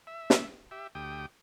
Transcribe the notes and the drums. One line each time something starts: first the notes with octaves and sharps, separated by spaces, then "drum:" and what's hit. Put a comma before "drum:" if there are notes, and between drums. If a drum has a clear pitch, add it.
E5
drum: snare
G4 E5
D2 G4 G5 D#6